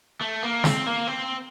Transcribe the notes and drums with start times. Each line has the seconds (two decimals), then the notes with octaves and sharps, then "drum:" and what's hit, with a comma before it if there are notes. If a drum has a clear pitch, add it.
0.21 A3
0.43 A#3
0.64 C4, drum: snare
0.86 A#3
1.07 C4